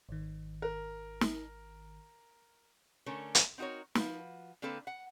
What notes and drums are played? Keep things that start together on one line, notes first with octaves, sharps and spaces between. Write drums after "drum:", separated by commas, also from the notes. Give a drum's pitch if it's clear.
G#1 D#3
A#4
drum: snare
D3 A3 C#4 A4 A#4
drum: hi-hat
C4 D#4 F#4 A#4 C#5
F3 F#4 B4, drum: snare
D3 A#3 C4 A4 B4
F#5